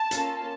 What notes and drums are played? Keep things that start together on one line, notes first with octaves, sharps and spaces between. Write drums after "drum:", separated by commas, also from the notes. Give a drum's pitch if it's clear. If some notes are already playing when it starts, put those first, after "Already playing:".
Already playing: A5
A#3 C#4 F4 A4, drum: hi-hat